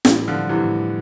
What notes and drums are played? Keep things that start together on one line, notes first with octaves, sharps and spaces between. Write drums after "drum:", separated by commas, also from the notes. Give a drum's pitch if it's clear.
A2 E3 G3, drum: snare
D3 F3
G3
C3 E3
A2